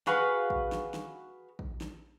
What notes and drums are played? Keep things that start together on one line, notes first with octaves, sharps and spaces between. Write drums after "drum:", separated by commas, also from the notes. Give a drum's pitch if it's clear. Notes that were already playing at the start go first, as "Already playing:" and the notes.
F#4 G#4 B4 F5, drum: snare
drum: kick
drum: snare
drum: snare
drum: kick
drum: snare